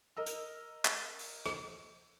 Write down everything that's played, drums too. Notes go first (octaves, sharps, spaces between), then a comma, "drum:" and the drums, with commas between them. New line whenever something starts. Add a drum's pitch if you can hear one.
A#4 D#5 E6
drum: hi-hat
drum: clap
drum: open hi-hat
drum: rim click